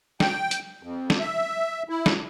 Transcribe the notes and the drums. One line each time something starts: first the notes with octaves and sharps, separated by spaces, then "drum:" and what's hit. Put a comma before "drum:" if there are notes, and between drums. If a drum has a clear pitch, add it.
G5, drum: snare
drum: hi-hat
F2
drum: snare
E5
E4
drum: snare